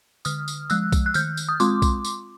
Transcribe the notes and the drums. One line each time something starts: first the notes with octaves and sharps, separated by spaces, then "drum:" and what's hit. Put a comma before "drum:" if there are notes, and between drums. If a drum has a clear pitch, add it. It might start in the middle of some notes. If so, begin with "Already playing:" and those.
D3 D#6 F6, drum: tambourine
drum: tambourine
F3 G#3 E6 F#6, drum: tambourine
drum: kick, tambourine
F#6
D#3 F6 G6, drum: tambourine
drum: tambourine
D#6
G#3 C4 F4 C6 D6, drum: tambourine
drum: kick, tambourine
drum: tambourine